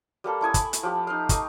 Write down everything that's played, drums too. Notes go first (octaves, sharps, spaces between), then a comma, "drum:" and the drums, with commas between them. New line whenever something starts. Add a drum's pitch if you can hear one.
G3 A#3 A4
A3 E4 G#5 D#6
B5, drum: kick, hi-hat
drum: hi-hat
F3 G4
D#4 F5
A3 D#4 D#5, drum: kick, hi-hat